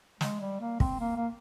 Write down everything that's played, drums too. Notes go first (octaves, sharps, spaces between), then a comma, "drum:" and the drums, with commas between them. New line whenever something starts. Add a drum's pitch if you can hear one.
G#3, drum: snare
G3
A#3
C4, drum: kick
A#3
A#3